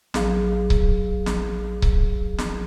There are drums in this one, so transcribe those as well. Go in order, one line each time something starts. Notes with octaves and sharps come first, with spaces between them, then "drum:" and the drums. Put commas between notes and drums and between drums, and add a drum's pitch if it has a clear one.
A1 F#3 G#4 F5, drum: snare
drum: kick C#1
drum: snare
drum: kick C#1
drum: snare